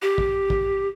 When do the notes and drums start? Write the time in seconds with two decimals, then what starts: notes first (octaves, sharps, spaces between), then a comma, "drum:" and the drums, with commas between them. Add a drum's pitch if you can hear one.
0.02 G4
0.18 drum: kick
0.50 drum: kick